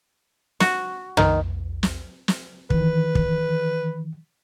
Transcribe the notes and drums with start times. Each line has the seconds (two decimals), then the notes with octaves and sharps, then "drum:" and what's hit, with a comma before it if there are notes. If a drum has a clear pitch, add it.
0.60 F#4, drum: snare
1.17 D#3, drum: tom
1.83 drum: snare
2.28 drum: snare
2.70 D#3 E3 B4, drum: kick
3.15 drum: kick